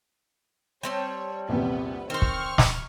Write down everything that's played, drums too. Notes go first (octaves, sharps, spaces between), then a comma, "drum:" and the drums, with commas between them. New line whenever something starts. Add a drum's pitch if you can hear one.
G3 C4 C#5 A5
A#1 E2 C3 B3
D#3 C4 C5 C#6 F6
drum: kick
drum: snare